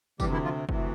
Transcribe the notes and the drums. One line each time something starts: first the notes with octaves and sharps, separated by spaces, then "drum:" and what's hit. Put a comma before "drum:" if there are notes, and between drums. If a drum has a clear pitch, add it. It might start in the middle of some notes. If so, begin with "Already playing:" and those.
D2 C3 E3 G3 G4, drum: kick, tambourine
E3 E4
F3 F4
D2 C3 E3, drum: kick